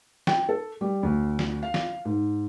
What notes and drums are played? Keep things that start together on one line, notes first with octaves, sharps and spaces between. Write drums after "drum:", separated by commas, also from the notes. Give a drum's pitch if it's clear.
G5, drum: snare
A4
G3
D2
drum: snare
F5
drum: snare
G#2